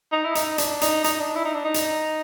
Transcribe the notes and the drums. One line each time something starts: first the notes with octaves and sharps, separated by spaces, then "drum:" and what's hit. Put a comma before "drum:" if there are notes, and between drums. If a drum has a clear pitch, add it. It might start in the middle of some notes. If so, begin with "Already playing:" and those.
D#4
E4
D#4, drum: hi-hat
D4, drum: hi-hat
D#4, drum: hi-hat
D#4, drum: hi-hat
D4
E4
D#4
D4
D#4
drum: hi-hat